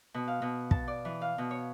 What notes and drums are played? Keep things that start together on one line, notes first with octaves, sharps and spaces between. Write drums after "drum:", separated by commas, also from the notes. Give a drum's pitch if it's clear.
B2
F5
B2
A5, drum: kick
D5
E3
F5
B2
C#5